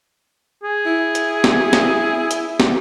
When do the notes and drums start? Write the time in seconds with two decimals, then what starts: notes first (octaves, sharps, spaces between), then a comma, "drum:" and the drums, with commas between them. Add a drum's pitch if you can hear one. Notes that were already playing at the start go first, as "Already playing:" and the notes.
0.63 G#4
0.86 E4
1.15 drum: hi-hat
1.44 drum: snare
1.73 drum: snare
2.31 drum: hi-hat
2.60 drum: snare